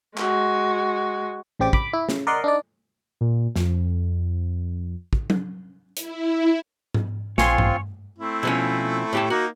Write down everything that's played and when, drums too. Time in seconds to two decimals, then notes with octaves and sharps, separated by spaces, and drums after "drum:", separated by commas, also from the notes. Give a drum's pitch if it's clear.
0.18 G#3 F#4, drum: clap
1.59 A1 C#3 C4 G4 D5 D6
1.73 B5 D6, drum: kick
1.93 E4
2.09 C#3, drum: snare
2.27 A#4 D5 D#5 F#5 C6
2.44 D4 D#4 D5
3.21 A#2
3.56 F2, drum: snare
5.13 drum: kick
5.30 drum: tom F#3
5.97 E4, drum: hi-hat
6.94 drum: tom G#2
7.38 A#1 C4 F4 C#5 G#5 C6, drum: snare
7.58 drum: tom G2
8.18 A3 C4 E4
8.43 B2 F3 C#4
9.13 A2 G4 A5
9.30 A#3 D#4 F#4